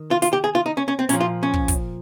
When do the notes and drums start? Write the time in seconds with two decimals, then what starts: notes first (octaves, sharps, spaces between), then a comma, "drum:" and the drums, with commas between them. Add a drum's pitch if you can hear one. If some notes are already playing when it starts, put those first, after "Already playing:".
Already playing: D#3
0.11 F4
0.22 F4, drum: hi-hat
0.33 G4
0.44 G#4
0.55 F4
0.66 D#4
0.77 C#4
0.88 C#4
0.99 C4
1.09 A#2 F3 C#4, drum: hi-hat
1.20 F4
1.43 C#4
1.54 drum: kick
1.68 drum: kick, hi-hat